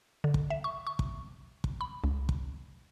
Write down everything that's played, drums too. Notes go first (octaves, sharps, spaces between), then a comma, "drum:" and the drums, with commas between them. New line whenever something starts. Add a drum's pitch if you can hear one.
D3
drum: kick
E5
C#6
C#6
drum: kick
drum: kick
B5
C#2
drum: kick